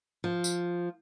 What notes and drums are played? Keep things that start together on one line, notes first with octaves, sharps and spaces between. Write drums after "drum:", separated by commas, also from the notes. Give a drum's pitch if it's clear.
F3
drum: tambourine